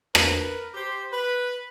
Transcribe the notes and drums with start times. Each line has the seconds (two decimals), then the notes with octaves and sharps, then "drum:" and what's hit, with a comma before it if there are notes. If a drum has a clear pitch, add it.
0.15 A#4 B4, drum: rim click
0.74 G4 C5
1.12 B4